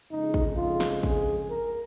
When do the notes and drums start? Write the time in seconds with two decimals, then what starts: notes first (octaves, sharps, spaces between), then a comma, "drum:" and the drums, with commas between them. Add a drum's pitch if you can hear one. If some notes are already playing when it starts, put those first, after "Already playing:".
0.11 F2 C#3 G#3 D#4
0.34 drum: kick
0.57 F4
0.80 drum: snare
1.03 G#4, drum: kick
1.49 A#4